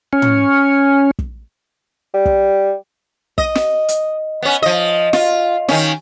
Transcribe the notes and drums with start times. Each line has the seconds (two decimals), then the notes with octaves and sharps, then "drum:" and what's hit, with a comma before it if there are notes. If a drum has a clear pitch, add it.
0.13 C#4
0.22 drum: tom
1.19 drum: kick
2.14 G3
2.25 drum: kick
3.38 D#5, drum: kick
3.55 drum: snare
3.89 drum: hi-hat
4.42 B3 C#4
4.62 F3 D#5
5.13 F4, drum: snare
5.68 D#3 C#4, drum: snare